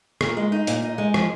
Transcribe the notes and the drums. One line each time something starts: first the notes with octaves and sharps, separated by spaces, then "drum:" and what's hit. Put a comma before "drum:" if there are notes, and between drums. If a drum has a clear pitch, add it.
A#2, drum: rim click
G#3
D#4
A#2, drum: hi-hat
D#4
G#3
F3, drum: rim click